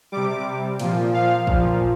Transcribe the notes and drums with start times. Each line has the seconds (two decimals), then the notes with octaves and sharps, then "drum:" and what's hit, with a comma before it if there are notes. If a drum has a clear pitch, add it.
0.12 C3 G3 D6
0.79 A#2 F3, drum: cymbal
1.14 F5
1.47 A#2 F3, drum: kick